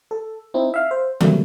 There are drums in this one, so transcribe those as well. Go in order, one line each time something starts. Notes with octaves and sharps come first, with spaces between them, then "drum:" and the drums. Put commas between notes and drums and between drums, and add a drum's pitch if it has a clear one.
A4
C4 D#4 E4
E5 F5
C5
C3 F#3 G3 A3 A#3, drum: tom D3